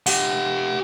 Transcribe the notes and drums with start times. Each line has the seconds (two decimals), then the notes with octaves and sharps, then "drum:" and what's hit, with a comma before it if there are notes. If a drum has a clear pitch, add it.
0.07 G4 F#5, drum: open hi-hat